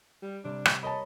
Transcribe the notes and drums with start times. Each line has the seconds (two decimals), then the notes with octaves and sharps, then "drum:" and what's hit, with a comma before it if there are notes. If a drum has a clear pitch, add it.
0.22 G3
0.44 C3 G3 C4 D4
0.65 drum: rim click
0.83 A#4 C#5 D#5 A5 B5